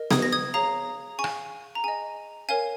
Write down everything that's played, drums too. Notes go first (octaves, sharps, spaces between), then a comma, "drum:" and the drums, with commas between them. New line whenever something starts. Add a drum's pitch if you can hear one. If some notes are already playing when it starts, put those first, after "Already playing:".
Already playing: A#4 D#5
D#6 G#6, drum: snare B3
A#6
D#6 G#6
G#4 C#5 F5 A#5 D#6
G#4 G#5 C#6
F5, drum: rim click
A#5
G#4 D#5 G#5
A#4 C#5 F5 G#5